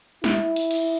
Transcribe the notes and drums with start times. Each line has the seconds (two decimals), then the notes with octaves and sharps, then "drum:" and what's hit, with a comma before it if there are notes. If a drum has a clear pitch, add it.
0.24 E4, drum: snare
0.56 drum: hi-hat
0.71 drum: cymbal